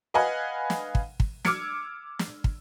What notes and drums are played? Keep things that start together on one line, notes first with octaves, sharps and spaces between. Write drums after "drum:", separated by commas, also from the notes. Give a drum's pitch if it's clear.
B4 D#5 F5 F#5 G#5 B5
drum: snare
drum: kick
drum: kick
D6 E6 F6 G#6 C#7 D7, drum: snare
drum: snare
drum: kick